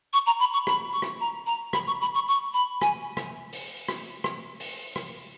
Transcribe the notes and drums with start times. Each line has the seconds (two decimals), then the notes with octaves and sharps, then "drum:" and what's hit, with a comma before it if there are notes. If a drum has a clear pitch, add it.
0.13 C#6
0.26 A#5
0.40 B5
0.53 C#6
0.67 B5, drum: rim click
0.93 C#6
1.02 drum: rim click
1.21 A#5
1.47 A#5
1.73 B5, drum: rim click
1.87 C#6
2.01 B5
2.15 C#6
2.28 C#6
2.54 B5
2.81 G#5, drum: rim click
3.17 drum: rim click
3.53 drum: open hi-hat
3.88 drum: rim click
4.24 drum: rim click
4.60 drum: open hi-hat
4.96 drum: rim click